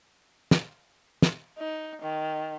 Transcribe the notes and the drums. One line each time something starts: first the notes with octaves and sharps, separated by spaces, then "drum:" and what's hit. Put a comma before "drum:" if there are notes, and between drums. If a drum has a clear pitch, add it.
drum: snare
drum: snare
D#4
D#3